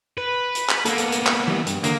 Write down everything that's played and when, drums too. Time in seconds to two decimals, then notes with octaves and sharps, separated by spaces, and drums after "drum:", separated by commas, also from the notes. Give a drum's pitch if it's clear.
0.18 B4
0.55 drum: hi-hat
0.69 drum: clap
0.85 A#3 B3 A4, drum: hi-hat
0.98 drum: hi-hat
1.12 drum: hi-hat
1.26 drum: clap
1.48 E3 G3
1.67 G2, drum: hi-hat
1.84 D#2 D3 A#3 A#4, drum: hi-hat